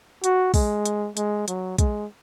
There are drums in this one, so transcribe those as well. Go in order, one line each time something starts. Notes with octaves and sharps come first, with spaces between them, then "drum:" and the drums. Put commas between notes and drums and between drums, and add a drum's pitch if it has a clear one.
F#4, drum: hi-hat
G#3, drum: kick, open hi-hat
drum: hi-hat
G#3, drum: hi-hat
F#3, drum: hi-hat
G#3, drum: kick, hi-hat